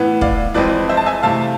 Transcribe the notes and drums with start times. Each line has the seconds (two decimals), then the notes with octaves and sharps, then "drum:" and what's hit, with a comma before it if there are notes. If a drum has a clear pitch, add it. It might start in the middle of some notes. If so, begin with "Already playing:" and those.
Already playing: A2 E3 B3
0.21 D5 F5, drum: kick
0.54 F2 E3 G#3 C4 B4 D5
0.89 C5 E5
0.97 A5
1.06 E5 G#5
1.23 C3 E3 A3 F5 A5